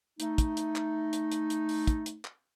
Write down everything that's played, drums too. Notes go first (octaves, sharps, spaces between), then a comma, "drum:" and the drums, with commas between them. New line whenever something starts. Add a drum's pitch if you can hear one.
A3 D#4, drum: hi-hat
drum: kick, hi-hat
drum: hi-hat
drum: clap
drum: hi-hat
drum: hi-hat
drum: hi-hat
drum: open hi-hat
drum: kick, hi-hat
drum: hi-hat
drum: clap